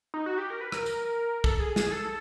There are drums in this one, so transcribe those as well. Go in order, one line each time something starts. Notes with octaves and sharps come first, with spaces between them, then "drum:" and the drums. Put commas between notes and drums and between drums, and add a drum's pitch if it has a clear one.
D#4
F#4
G4
A#4
B4
A#4, drum: rim click
drum: tambourine
A4, drum: kick
G#4
G#4, drum: snare
A4